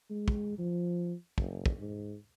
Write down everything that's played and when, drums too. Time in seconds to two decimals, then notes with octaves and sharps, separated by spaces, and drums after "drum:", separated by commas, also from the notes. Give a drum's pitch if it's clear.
0.10 G#3
0.28 drum: kick
0.59 F3
1.38 F#1, drum: kick
1.66 drum: kick
1.79 G#2